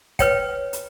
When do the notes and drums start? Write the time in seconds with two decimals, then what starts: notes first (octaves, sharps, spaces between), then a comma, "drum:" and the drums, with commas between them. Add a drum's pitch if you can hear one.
0.19 B4 C#5 G5, drum: kick, hi-hat
0.73 drum: hi-hat